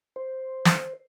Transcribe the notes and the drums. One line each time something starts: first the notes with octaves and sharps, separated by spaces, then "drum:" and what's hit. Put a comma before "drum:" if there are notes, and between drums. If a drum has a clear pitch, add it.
C5
drum: snare